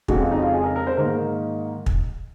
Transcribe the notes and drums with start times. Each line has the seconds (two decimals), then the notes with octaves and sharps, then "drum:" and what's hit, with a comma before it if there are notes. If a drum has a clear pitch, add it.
0.08 F2 C#3 G#3 F#4, drum: kick
0.20 F4
0.31 D#4
0.42 F4
0.53 G#4
0.64 A#4
0.76 A#4
0.87 C5
0.97 G#2 D#3 A#3 A#4
1.86 drum: kick